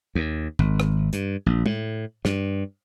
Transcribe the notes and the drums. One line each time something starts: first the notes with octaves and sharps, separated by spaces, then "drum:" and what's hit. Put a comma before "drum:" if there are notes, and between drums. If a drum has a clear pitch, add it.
D#2
G#1, drum: kick
drum: rim click
G2, drum: hi-hat
A#1
A2, drum: tom
G2, drum: snare